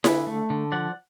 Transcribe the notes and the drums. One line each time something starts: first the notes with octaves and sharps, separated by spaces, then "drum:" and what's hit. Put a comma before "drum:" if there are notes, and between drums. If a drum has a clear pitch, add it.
D3 G#4 B4, drum: snare E4
A3
D3
F3 D5 F#5